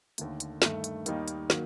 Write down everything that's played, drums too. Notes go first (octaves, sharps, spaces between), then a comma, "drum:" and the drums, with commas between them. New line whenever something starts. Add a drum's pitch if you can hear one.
D#2 D3 A3, drum: hi-hat
drum: hi-hat
G2 D#3 A3, drum: snare
drum: hi-hat
D#2 D#3 G3 A#3 D#4, drum: hi-hat
drum: hi-hat
D#3 F#3 A#3, drum: snare